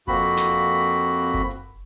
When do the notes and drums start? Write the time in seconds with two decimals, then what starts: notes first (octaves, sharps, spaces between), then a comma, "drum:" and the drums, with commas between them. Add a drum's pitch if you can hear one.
0.08 F2 A#3 C4 F#4 B5, drum: kick F#1
0.37 drum: snare
1.34 drum: kick F#1
1.50 drum: hi-hat